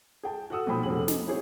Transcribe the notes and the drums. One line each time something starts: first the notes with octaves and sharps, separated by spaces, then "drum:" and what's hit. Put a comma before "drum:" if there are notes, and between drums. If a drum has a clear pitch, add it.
G#4 G5 A5
F#4 A4 F#5 D#6 E6
B1 A#2 F3 G5 B5 D#6
F1 F3 C#4 F#4 G#4 F#7
D#5, drum: snare
C4 E4 G4 G#4 C#5